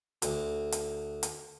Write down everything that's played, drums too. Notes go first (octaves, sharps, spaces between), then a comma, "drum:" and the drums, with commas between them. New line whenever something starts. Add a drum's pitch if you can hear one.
D2, drum: hi-hat
drum: hi-hat
drum: hi-hat